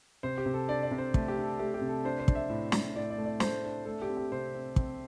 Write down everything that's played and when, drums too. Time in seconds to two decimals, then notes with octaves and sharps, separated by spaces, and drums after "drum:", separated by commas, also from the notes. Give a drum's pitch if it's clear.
0.23 C3 C5
0.38 G4
0.46 C3
0.54 A4
0.68 D4 D5
0.83 D5
0.91 C3
0.98 C5
1.14 A3, drum: kick
1.28 G4
1.36 D4
1.43 A4
1.59 A3 G4
1.74 G4
1.81 C3
1.89 A4
2.04 D4 C5
2.19 C5
2.28 D4, drum: kick
2.35 E5
2.50 A2
2.72 A2, drum: snare
2.96 A2 D5
3.11 D5
3.18 A3
3.26 D5
3.40 A3 C5, drum: snare
3.64 D4
3.86 A3 A4
4.02 G4
4.09 C4
4.17 G4
4.32 C3 C5
4.55 C4
4.76 C4, drum: kick